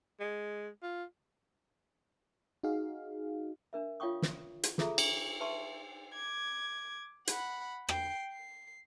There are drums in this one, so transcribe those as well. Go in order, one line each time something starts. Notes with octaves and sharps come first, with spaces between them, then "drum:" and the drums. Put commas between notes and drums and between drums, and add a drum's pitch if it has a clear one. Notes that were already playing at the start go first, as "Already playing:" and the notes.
G#3
F4
D#4 F#4 G#4 F5
D4 A#4 E5
F4 C#5 F5 G5 C#6 D#6
drum: snare
drum: hi-hat
F4 G#4 A4 E5 A#5, drum: snare
drum: cymbal
B4 E5 A5 C6 C#6
D6 G#6
F#5 B5, drum: hi-hat
G5 C7, drum: rim click
C7